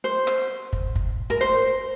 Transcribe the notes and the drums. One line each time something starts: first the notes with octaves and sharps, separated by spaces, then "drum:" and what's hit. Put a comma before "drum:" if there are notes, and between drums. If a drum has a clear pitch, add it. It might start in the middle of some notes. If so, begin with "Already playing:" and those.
C5
drum: rim click
drum: kick
drum: kick
A#4
C5